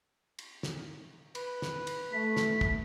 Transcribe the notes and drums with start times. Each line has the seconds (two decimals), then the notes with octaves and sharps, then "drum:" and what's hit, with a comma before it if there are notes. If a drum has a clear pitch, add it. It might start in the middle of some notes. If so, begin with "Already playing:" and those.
0.39 drum: cymbal
0.63 drum: snare
1.35 B4, drum: cymbal
1.62 drum: snare
1.87 drum: cymbal
2.12 A3 B6
2.36 drum: snare
2.61 drum: kick